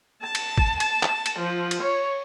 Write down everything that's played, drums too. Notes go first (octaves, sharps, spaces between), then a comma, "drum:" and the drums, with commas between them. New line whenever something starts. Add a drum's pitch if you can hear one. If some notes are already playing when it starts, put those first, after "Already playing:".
A5
drum: cymbal
drum: kick
A5, drum: cymbal
drum: clap
drum: cymbal
F3
drum: cymbal
C#5